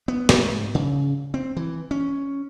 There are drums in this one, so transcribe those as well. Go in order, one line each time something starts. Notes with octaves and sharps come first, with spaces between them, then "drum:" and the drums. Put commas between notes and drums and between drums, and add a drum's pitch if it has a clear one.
B3
G#2, drum: snare
C#3
C4
E3
C#4